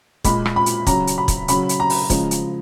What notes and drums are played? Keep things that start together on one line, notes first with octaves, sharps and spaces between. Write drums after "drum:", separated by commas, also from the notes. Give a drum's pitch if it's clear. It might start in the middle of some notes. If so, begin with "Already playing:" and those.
A#2 G#3 B5, drum: kick, hi-hat
drum: rim click
B5
drum: hi-hat
C#3 F#3 A#5, drum: kick, hi-hat
drum: hi-hat
B5
drum: kick, hi-hat
C#3 F#3 B5, drum: hi-hat
drum: hi-hat
A#5
drum: open hi-hat
C#3 F3 G#3, drum: kick, hi-hat
drum: hi-hat